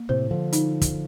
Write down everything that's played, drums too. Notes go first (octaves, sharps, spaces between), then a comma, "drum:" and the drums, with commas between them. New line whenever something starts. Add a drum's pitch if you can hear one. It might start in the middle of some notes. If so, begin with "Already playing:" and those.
Already playing: A#3
A2 C3 C5
D3 F3
D#4, drum: hi-hat
drum: kick, hi-hat